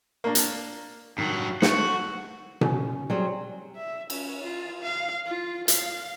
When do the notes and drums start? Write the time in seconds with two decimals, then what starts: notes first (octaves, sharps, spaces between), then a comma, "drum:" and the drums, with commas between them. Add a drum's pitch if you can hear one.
0.24 A#3 D4
0.35 drum: hi-hat
1.18 G2 D#3 F#3
1.62 A3 F#4, drum: snare
2.61 C#4, drum: tom B2
3.10 F#3 G3 C4 G#4
3.76 E5
4.10 C#4, drum: cymbal
4.43 F4
4.82 F5
5.26 F4
5.68 F5, drum: hi-hat